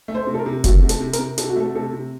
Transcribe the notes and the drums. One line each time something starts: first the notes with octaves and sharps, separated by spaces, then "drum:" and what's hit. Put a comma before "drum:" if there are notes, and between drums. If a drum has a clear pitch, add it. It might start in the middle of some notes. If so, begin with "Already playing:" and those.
A3
C5
C3
A4
A#4
C3
A3 F#4, drum: kick F1, hi-hat
C3
A4, drum: hi-hat
C3
A#4, drum: hi-hat
C3
C3 A4, drum: hi-hat
F#4
A3 A4
C3 A4
C3